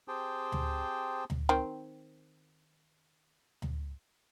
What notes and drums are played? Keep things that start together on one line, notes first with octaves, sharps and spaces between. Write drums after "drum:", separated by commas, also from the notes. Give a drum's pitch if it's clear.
C4 G4 G#4 C5 G5 A5
drum: tom D2
drum: tom D2
D#3 C4
drum: tom D2